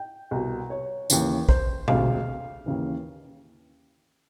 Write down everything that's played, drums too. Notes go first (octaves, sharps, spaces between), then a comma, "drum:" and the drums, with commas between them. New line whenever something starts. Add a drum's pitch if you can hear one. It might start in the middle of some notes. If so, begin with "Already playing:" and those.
Already playing: G5
C2 B2
C#5
D#2 C#3 E3, drum: tambourine
C5, drum: kick
E1 D2 C3 F5, drum: tom B2
D#2 C#3 E3